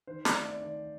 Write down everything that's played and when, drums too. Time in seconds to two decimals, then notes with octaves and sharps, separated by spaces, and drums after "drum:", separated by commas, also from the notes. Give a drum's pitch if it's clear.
0.07 D#3 C5
0.25 D5, drum: snare
0.33 A3 C4
0.43 D5
0.60 D#3 D5